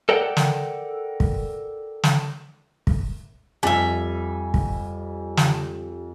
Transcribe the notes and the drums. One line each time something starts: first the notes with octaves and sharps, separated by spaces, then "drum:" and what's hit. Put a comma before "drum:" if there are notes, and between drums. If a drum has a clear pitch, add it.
A4 A#4 D5 F#5 G5
drum: snare
drum: kick
drum: snare
drum: kick
F2 G3 E5 G#5
drum: kick
drum: snare